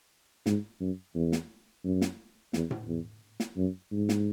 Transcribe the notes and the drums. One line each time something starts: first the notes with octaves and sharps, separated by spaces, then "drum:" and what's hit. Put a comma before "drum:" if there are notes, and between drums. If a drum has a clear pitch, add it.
G#2, drum: snare
F#2
E2
drum: snare
F#2
drum: snare
E2, drum: snare
drum: tom A2
E2
drum: snare
F#2
G#2
drum: snare